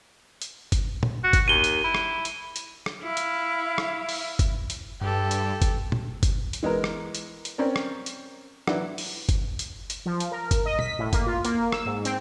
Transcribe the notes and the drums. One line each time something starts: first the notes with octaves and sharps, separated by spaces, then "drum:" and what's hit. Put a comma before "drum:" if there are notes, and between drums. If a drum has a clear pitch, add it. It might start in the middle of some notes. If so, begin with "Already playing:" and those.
drum: hi-hat
drum: kick G1, hi-hat
drum: tom A#2
F#4
drum: kick G1, hi-hat
D#2 D#7 G7
drum: hi-hat
E4
drum: rim click
drum: hi-hat
drum: hi-hat
drum: rim click
E4 F5
drum: hi-hat
drum: rim click
drum: open hi-hat
drum: kick G1, hi-hat
drum: hi-hat
G2 G4 A4
drum: hi-hat
drum: kick G1, hi-hat
drum: tom A#2
drum: kick G1, hi-hat
drum: hi-hat
E3 G#3 B3 A#4
drum: rim click
drum: hi-hat
drum: hi-hat
C4 C#4 A#4 D5
drum: rim click
drum: hi-hat
E3 F#3 D4 E4 F#4, drum: rim click
drum: open hi-hat
drum: kick G1, hi-hat
drum: hi-hat
drum: hi-hat
F3
drum: hi-hat
A#4
drum: kick G1, hi-hat
D#5
B6, drum: tom
A2
A#3, drum: kick G1, hi-hat
F4
A#3, drum: hi-hat
E6, drum: rim click
G#2
C4, drum: hi-hat